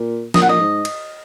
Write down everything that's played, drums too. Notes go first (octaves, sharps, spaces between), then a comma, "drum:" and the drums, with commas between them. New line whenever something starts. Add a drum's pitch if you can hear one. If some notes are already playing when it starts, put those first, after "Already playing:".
Already playing: A#2
A#2 D#5, drum: snare
F#5
D#5
G#2
drum: cymbal